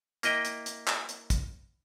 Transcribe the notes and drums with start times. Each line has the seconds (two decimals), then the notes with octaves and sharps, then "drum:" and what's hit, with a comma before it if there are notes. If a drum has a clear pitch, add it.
0.23 A#3 E4 D#5 G5, drum: hi-hat
0.45 drum: hi-hat
0.66 drum: hi-hat
0.87 drum: clap
1.09 drum: hi-hat
1.30 drum: kick, hi-hat